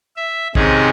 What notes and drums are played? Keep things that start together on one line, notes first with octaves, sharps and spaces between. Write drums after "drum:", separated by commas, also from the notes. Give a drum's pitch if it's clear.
E5
G#2 C3 D#3 C#4 D#4 G#4, drum: kick